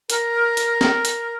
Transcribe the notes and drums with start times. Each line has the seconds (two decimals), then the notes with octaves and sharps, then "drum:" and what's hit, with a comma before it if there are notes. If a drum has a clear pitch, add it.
0.10 A#4, drum: hi-hat
0.57 drum: hi-hat
0.81 drum: snare C4
1.05 drum: hi-hat